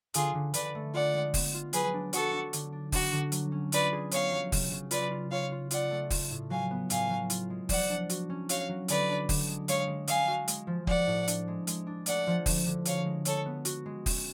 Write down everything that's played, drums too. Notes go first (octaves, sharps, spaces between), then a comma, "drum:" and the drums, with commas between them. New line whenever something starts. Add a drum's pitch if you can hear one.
D3 F4 G#4, drum: hi-hat
D3
D3 B4 D5, drum: hi-hat
A3
F4 D5 F#5
G#3
B3, drum: kick, open hi-hat
F4
F#3 G#4 B4, drum: hi-hat
D4
F#3 F#4 A4, drum: hi-hat
D4
D3, drum: hi-hat
D4
D4 F#4, drum: kick, open hi-hat
D3
F#3, drum: hi-hat
C#4
F4 B4 D5, drum: hi-hat
G#4
B3 C#5 F5, drum: hi-hat
F#3
C#3, drum: kick, open hi-hat
C#3
F4 B4 D5, drum: hi-hat
F4
F4 C#5 F5
F4
F4 D5 F#5, drum: hi-hat
A3
F4, drum: kick, open hi-hat
A2
F#3 F5 G#5
B3
A2 F5 G#5, drum: hi-hat
F#3
F4, drum: hi-hat
G#3
F3 D5 F#5, drum: kick, open hi-hat
D4
F#4, drum: hi-hat
C#4
F#4 C#5 F5, drum: hi-hat
F#3
D3 B4 D5, drum: hi-hat
D4
D3, drum: kick, open hi-hat
G#3
G#3 C#5 F5, drum: hi-hat
G#3
G#3 F5 G#5, drum: hi-hat
F#4
G#3, drum: hi-hat
F3
F3 D5 F#5, drum: kick
A2
D4, drum: hi-hat
G#3
G#3, drum: hi-hat
D4
A3 D5 F#5, drum: hi-hat
F3
D3, drum: kick, open hi-hat
D3
F#4 C#5 F5, drum: hi-hat
G#3
G#3 A4 C#5, drum: hi-hat
B3
F#4, drum: hi-hat
G#3
C#4, drum: kick, open hi-hat